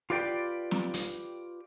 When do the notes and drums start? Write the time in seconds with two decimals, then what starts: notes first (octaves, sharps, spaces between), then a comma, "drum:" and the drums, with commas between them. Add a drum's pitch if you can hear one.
0.10 F4 G4 B4 D5 G5
0.71 drum: snare
0.94 drum: hi-hat